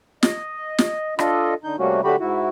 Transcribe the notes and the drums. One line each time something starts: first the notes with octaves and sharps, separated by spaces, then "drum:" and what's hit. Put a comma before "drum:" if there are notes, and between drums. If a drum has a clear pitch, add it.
D#5, drum: snare
drum: snare
D4 F4 A4 D#5, drum: rim click
D3 D#4 G6
C3 G3 A3 A#3 C#4 F#4
D3 F#3 A3 F#4 G4 B5
G#2 E4 F#4